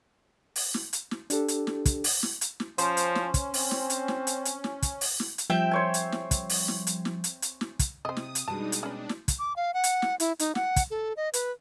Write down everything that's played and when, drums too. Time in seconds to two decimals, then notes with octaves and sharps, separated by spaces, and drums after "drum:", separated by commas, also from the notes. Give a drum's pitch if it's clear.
0.56 drum: open hi-hat
0.74 drum: snare
0.93 drum: hi-hat
1.11 drum: snare
1.30 D4 G4 A4, drum: hi-hat
1.48 drum: hi-hat
1.67 drum: snare
1.85 drum: kick, hi-hat
2.04 drum: open hi-hat
2.23 drum: snare
2.41 drum: hi-hat
2.60 drum: snare
2.78 F3 C#4 C5, drum: hi-hat
2.97 drum: hi-hat
3.15 drum: snare
3.34 drum: kick, hi-hat
3.54 C4, drum: open hi-hat
3.71 drum: snare
3.90 drum: hi-hat
4.08 drum: snare
4.27 drum: hi-hat
4.45 drum: hi-hat
4.64 drum: snare
4.82 drum: kick, hi-hat
5.01 drum: open hi-hat
5.20 drum: snare
5.38 drum: hi-hat
5.50 F3 G3 C4 E5 G5
5.71 C5 C#5 G#5
5.94 drum: hi-hat
6.12 drum: snare
6.31 drum: kick, hi-hat
6.49 drum: open hi-hat
6.68 drum: snare
6.87 drum: hi-hat
7.05 drum: snare
7.24 drum: hi-hat
7.42 drum: hi-hat
7.61 drum: snare
7.79 drum: kick, hi-hat
8.05 C3 C5 D#5 D#6
8.17 drum: snare
8.35 drum: hi-hat
8.48 B2 G3 G#3 D4 D#4 A5
8.72 drum: hi-hat
8.83 C#4 D4 B4
9.09 drum: snare
9.28 drum: kick, hi-hat
9.39 D6
9.56 F5
9.74 F#5
9.84 drum: hi-hat
10.02 drum: snare
10.20 E4, drum: hi-hat
10.39 D#4, drum: hi-hat
10.55 F#5, drum: snare
10.76 drum: kick, hi-hat
10.91 A4
11.17 D#5
11.33 B4, drum: hi-hat